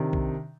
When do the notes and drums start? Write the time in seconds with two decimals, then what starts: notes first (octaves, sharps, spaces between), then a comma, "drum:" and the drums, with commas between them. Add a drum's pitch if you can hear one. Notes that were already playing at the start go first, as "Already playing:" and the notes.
Already playing: C3 D#3 D4
0.13 drum: kick